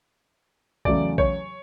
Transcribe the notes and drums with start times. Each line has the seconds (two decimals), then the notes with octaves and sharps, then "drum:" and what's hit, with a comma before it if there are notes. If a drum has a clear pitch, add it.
0.85 E2 C#3 F#3 A3 D5, drum: kick A#1
1.18 C#5, drum: kick A#1